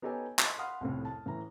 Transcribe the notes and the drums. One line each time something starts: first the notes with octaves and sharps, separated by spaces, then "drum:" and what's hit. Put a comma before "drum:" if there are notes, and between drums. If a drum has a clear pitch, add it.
B3 D#4 G4 A4 C#5 G#5
D#5 B5 C6, drum: clap
F5 F#5 B5 C6 D#6 F6
C2 F2 A2
A5
A2 E3 A#5